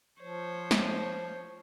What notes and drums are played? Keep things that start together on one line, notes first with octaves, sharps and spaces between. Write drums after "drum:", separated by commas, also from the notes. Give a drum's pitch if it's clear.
F3 C5 C#5
drum: snare